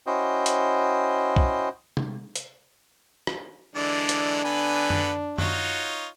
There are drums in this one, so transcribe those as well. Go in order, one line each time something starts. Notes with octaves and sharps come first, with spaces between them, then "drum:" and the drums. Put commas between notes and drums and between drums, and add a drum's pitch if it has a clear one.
C#4 E4 F#4 C5 D#5 G5
drum: hi-hat
drum: kick
drum: tom C3
drum: hi-hat
drum: rim click
D3 E3 G#3 D4 D5
drum: hi-hat
D3 B3 B4 G#5
drum: tom F#2
D#4 F4 F#4 C#5, drum: tom F#2